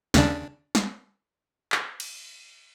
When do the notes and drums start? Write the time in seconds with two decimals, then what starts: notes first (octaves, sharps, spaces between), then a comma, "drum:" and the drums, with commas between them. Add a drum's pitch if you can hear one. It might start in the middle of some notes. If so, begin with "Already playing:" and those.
0.14 D#2 C#3 D4, drum: snare
0.75 drum: snare
1.72 drum: clap
2.00 drum: cymbal